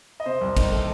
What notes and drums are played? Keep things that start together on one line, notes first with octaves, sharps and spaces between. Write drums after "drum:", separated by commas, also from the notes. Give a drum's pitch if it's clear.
D#5
C3 C5
C2
D#3, drum: kick, cymbal
A3